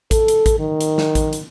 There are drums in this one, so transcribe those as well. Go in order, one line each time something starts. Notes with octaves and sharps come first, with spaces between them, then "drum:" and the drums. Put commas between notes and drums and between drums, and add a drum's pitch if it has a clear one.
A4, drum: kick A1, hi-hat
drum: hi-hat
drum: kick A1, hi-hat
D#3
drum: hi-hat
drum: snare
drum: kick A1, hi-hat
drum: hi-hat